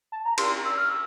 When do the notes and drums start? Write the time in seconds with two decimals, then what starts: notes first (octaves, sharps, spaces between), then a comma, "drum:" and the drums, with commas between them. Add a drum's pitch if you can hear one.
0.12 A5
0.25 A#5
0.38 C6, drum: cymbal
0.65 E6
0.78 F6
0.90 E6